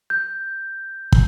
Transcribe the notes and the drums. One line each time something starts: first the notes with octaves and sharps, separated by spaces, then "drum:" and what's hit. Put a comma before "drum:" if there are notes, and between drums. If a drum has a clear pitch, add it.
G6
drum: kick